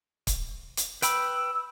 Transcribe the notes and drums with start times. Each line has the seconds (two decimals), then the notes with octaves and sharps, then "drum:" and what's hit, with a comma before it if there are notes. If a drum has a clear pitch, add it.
0.27 drum: kick C#1, hi-hat
0.77 drum: hi-hat
1.02 B4 G5 B5 E6, drum: hi-hat